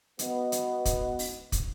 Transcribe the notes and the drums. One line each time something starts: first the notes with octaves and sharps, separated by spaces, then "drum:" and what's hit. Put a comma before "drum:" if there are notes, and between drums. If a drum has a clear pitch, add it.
B3 F#4 B4 D#5, drum: hi-hat
drum: hi-hat
drum: kick, hi-hat
drum: open hi-hat
drum: kick, hi-hat